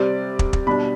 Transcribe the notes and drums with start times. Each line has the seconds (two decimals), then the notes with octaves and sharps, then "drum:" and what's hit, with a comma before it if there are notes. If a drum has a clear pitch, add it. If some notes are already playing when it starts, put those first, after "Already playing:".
Already playing: C3 G3 C4 D5
0.39 drum: kick
0.53 drum: kick
0.67 B2 G3 D4 B5